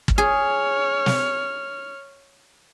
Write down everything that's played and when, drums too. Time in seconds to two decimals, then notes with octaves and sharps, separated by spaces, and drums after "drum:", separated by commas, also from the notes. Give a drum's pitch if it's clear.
0.08 drum: kick
0.18 G#4 C#5 F6
1.06 drum: snare